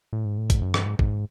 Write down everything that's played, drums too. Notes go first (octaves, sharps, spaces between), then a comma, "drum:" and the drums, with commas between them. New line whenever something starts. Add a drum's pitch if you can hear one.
A2
G#2
A2
G#2, drum: kick, hi-hat
F#2
G2, drum: rim click
G#2
G#2, drum: kick